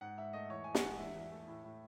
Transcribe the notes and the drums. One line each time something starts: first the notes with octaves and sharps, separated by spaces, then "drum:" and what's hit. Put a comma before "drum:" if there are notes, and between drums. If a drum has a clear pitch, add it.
G#2 F#5
G#2 E5
A3 D#5
E2 C#5
E2 G#5
F#5, drum: snare
G#3
E2 E5
E2
A3
A2
A2